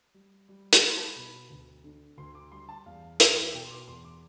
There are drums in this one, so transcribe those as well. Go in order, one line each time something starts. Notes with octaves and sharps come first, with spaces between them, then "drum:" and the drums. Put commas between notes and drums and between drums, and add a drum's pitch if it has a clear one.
G3
G3
drum: hi-hat
G3 C6
B5
A5
B5
B2
D2
D3
D2 C6
D6
G3 C6
A5
E2 F5
E2, drum: hi-hat
B2 G5
C6
D6
E2 C6
D6